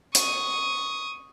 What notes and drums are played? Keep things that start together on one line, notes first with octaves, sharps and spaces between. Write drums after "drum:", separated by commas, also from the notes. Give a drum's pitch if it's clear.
C#6 D#6, drum: hi-hat